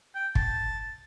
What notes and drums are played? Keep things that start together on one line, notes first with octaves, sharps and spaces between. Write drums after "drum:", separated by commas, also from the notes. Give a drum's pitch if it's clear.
G5
A5, drum: kick